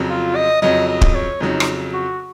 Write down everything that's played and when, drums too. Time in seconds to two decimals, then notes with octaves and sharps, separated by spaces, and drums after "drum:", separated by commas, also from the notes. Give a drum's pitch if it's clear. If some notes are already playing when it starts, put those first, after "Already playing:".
Already playing: F2 C#3 F#3
0.10 F4
0.36 D#5
0.62 F2 C#3 F#3 D#5
0.88 D#5
1.01 drum: kick
1.14 C#5
1.41 F2 C#3 F#3 D#4
1.60 drum: rim click
1.93 F#4